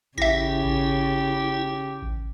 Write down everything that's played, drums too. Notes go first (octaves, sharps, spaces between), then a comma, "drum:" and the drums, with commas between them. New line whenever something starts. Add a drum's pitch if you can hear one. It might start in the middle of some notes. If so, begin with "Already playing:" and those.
C#3 E4 G4 E5 A#6, drum: kick A1
drum: kick A1
drum: kick A1